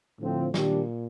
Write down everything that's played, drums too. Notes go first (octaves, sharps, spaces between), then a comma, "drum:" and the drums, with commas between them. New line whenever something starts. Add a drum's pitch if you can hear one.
A2 D3 F3 C4 F4
A#2 D#3 G3 D4 G4, drum: snare